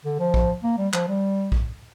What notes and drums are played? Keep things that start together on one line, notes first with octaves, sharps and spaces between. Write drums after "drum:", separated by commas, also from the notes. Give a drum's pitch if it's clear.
D3
F3
drum: kick
A#3
G3
F3, drum: clap
G3
drum: kick